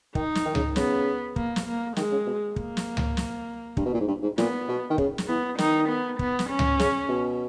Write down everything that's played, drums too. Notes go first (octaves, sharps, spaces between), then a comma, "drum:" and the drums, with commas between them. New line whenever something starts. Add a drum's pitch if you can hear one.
D#3 D#4, drum: kick
drum: snare
D#3
C#3, drum: tom C#2
C#3 B3, drum: snare
A#3, drum: kick
drum: snare
A#3
D#3 G#3, drum: snare
C#3
B2
A#3, drum: kick
drum: snare
drum: tom C#2
drum: snare
G2, drum: kick
B2
A#2
G#2
G2
G#2
A#2 B3, drum: snare
B2
D#3
C#3, drum: kick
drum: snare
E3 B3
D#3 D#4, drum: snare
B3
B3, drum: kick
drum: snare
C#4
drum: tom C#2
C#3, drum: snare
B2